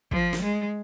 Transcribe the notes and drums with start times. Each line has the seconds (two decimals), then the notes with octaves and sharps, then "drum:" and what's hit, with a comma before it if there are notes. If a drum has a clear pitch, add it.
0.11 F3, drum: kick
0.33 drum: snare
0.43 G#3